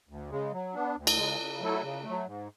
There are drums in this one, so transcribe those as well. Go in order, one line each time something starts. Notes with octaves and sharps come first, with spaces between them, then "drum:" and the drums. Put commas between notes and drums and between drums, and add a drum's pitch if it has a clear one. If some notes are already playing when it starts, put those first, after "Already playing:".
D2
C#3 G#3
F#3
B3 D4
D2
drum: cymbal
C#3 G#3
C#3
F#3 A3 E4 A4
C#3
A3
F#3
G#2